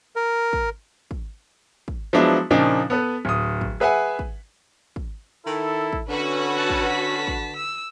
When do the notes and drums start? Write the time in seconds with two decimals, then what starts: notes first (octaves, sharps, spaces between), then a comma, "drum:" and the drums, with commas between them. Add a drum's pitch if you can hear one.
0.16 A#4
0.53 drum: kick
1.11 drum: kick
1.88 drum: kick
2.13 F3 F#3 G#3 B3 D4 E4
2.51 A#2 C#3 F3 A#3 D4 D#4
2.90 B3 A4 B4
3.25 D1 D#6
3.61 drum: kick
3.80 G#4 B4 E5 F#5 G#5
4.19 drum: kick
4.96 drum: kick
5.46 D#3 E4 A4
5.92 drum: kick
6.09 D3 C#4 F#4 A4 B4
6.55 F#5 A5
6.70 drum: kick
6.89 A5 B6
7.27 drum: kick
7.56 E6